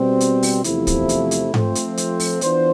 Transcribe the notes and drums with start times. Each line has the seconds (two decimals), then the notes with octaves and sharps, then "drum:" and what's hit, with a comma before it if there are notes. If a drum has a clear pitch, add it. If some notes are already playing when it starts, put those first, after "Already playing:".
Already playing: B2 G3 C4
0.20 drum: hi-hat
0.43 drum: open hi-hat
0.64 E2 C3 F3 A3 E4, drum: hi-hat
0.87 drum: kick, hi-hat
1.09 drum: hi-hat
1.31 drum: hi-hat
1.54 F3 A3 C4, drum: tom G#2
1.75 drum: hi-hat
1.97 drum: hi-hat
2.20 drum: open hi-hat
2.41 E3 B3 D4 F4 C5, drum: hi-hat